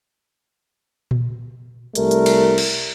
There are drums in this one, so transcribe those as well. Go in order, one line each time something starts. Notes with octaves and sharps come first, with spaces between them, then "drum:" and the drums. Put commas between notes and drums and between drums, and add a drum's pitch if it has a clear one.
drum: tom A#2
C2 G3 A3 A#4, drum: hi-hat
drum: hi-hat
drum: cymbal
drum: cymbal